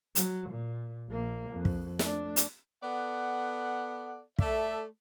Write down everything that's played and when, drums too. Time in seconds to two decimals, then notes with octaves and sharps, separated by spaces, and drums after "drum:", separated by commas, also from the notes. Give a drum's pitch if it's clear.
0.15 F#3, drum: hi-hat
0.50 A#2
1.09 A#1 A#3
1.51 F2
1.65 drum: kick
1.99 A3 D4, drum: snare
2.36 drum: hi-hat
2.83 B3 A4 D5 F#5
4.39 A3 A4 D5 E5, drum: kick